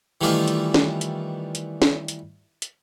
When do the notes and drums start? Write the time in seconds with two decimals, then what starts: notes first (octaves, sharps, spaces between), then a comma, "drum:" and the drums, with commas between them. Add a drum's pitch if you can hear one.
0.21 D#3 E3 G3 A3 D4 F4
0.48 drum: hi-hat
0.74 drum: snare
1.01 drum: hi-hat
1.55 drum: hi-hat
1.82 drum: snare
2.08 drum: hi-hat
2.62 drum: hi-hat